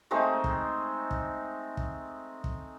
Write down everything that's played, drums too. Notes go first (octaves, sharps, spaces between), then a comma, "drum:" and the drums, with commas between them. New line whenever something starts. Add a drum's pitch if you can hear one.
G#3 A3 C4 D#4
drum: kick
drum: kick
drum: kick
drum: kick